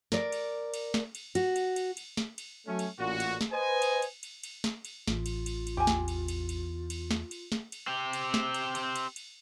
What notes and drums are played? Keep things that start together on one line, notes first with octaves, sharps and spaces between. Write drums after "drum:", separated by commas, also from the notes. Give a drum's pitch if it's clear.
A#4 D5, drum: snare
drum: cymbal
drum: cymbal
drum: snare
drum: cymbal
F#4, drum: cymbal
drum: cymbal
drum: cymbal
drum: cymbal
drum: snare
drum: cymbal
F#3 A3 C#4
drum: cymbal
A1 A#2 F#4
drum: cymbal
drum: snare
B4 C5 D#5 G#5
drum: cymbal
drum: cymbal
drum: cymbal
drum: cymbal
drum: snare
drum: cymbal
A1 F4, drum: snare
drum: cymbal
drum: cymbal
drum: cymbal
E2 G4 G#5
drum: snare
drum: cymbal
drum: cymbal
drum: cymbal
drum: cymbal
drum: snare
drum: cymbal
drum: snare
drum: cymbal
C4 G4
drum: cymbal
drum: snare
drum: cymbal
drum: cymbal
drum: cymbal
drum: cymbal